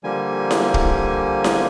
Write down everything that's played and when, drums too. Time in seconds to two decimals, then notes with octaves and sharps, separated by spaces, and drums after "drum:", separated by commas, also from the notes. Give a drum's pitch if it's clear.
0.04 D3 F3 G3 A#3 G#5
0.51 drum: snare E4
0.74 drum: kick
1.44 drum: snare E4